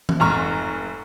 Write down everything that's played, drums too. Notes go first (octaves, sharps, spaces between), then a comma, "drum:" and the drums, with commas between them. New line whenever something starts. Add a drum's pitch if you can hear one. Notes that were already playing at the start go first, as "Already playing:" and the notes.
drum: tom E3
F1 G#2 A#5 C#6 F6